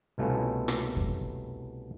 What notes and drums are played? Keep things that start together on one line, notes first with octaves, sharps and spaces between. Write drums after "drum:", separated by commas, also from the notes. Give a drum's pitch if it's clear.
C2 B2 A3 C#4 E4 F4
drum: rim click
drum: kick F2